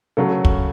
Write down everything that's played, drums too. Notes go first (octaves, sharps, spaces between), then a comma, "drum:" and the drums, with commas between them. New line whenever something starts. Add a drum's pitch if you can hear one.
C#3 F#3 A3 A4
drum: kick